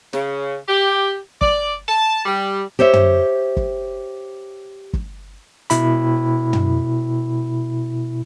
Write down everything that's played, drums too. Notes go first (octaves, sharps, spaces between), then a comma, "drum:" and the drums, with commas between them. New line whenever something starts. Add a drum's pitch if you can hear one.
C#3, drum: snare
G4
D5, drum: kick
A5
G3
G4 C5 C#5 E5
drum: tom
drum: kick
drum: kick
B2 E4 B5, drum: hi-hat
drum: tom